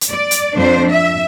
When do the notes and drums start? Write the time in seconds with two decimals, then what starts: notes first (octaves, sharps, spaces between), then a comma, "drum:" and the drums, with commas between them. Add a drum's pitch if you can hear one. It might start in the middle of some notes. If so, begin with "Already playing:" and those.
0.01 drum: hi-hat
0.12 D5
0.31 drum: hi-hat
0.57 F2 D4 C5
0.90 E5